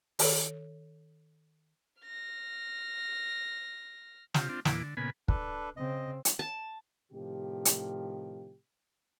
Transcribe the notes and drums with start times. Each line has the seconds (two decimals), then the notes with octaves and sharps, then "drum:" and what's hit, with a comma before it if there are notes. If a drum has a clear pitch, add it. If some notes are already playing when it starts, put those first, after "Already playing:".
0.19 D#3 A4 C#5, drum: open hi-hat
2.02 F6 A#6
4.34 C3 F4 G4, drum: snare
4.49 C4 D4 F4
4.65 E2 A#2 E3 D6, drum: snare
4.83 D3
4.97 A#2 C#3 B3 G#5 B5
5.28 D4 A4 B4, drum: kick
5.77 C#3 C4 D#5
6.25 drum: hi-hat
6.39 A5
7.12 A2 C3 D#3 F3 G4
7.65 drum: hi-hat